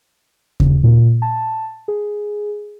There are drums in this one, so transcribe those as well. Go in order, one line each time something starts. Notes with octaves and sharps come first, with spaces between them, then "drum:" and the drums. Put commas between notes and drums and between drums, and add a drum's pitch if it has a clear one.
C#3, drum: kick D#2
A#2
A5
G#4